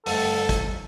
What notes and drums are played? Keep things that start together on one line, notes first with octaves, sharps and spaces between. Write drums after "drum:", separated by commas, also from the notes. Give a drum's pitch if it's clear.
G1 A3 A4, drum: open hi-hat
drum: kick, hi-hat